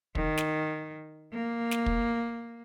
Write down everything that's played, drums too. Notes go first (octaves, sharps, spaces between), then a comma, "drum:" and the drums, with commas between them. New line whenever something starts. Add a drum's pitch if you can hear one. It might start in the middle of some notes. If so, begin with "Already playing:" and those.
D#3, drum: kick
drum: snare
A#3
drum: snare
drum: kick